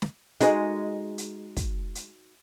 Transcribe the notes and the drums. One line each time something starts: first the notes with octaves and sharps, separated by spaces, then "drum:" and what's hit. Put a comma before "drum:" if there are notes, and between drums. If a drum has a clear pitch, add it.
drum: snare
G#3 D#4 F#4 D#5, drum: hi-hat
drum: hi-hat
drum: kick, hi-hat
drum: hi-hat